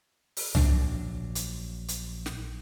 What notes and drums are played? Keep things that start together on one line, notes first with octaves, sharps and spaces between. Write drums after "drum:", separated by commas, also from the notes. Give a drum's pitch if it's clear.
drum: open hi-hat
A#1 F#3 D4, drum: tom C2
drum: hi-hat
drum: hi-hat
drum: snare